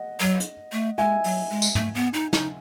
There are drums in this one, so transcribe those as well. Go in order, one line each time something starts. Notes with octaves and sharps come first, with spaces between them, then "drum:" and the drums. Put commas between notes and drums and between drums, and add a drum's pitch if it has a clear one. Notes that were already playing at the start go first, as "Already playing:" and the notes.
Already playing: D#5 F#5
F#3
drum: hi-hat
A3
G#3 E5 G#5
F#3, drum: open hi-hat
G#3
drum: tambourine
A3, drum: tom
B3
D#4
D#4, drum: snare